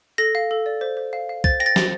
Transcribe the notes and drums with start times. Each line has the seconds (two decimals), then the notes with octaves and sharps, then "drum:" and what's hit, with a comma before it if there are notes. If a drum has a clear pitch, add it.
0.18 A4 A#6
0.35 F5
0.51 A4
0.66 D5
0.81 C5
0.97 C5
1.13 F5
1.29 F5
1.44 C5 A6, drum: kick
1.60 G5 A#6
1.66 A6
1.76 C5, drum: snare